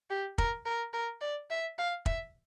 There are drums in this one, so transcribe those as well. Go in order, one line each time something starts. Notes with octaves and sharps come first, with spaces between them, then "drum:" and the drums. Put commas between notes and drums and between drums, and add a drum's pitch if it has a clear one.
G4
A#4, drum: kick
A#4
A#4
D5
E5
F5
E5, drum: kick